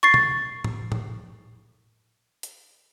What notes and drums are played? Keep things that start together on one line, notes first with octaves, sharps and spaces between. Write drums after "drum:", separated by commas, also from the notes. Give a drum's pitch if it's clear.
C#6 A6 C7
drum: tom
drum: tom A2
drum: tom A2
drum: hi-hat